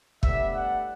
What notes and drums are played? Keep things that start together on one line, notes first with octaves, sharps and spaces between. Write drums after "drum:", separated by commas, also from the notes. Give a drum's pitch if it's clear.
A2 G3 B3 D4 E5, drum: kick
F#5